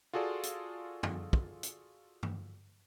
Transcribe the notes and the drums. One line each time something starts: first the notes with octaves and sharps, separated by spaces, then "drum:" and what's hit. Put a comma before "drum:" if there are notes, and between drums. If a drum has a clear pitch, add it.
F4 F#4 G#4 A4 D5
drum: hi-hat
drum: tom
drum: kick
drum: hi-hat
drum: tom G2